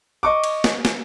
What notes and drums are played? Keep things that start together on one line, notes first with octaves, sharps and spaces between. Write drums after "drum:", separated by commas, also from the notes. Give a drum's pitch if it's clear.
D#5 C#6 D6
drum: cymbal
drum: snare
drum: snare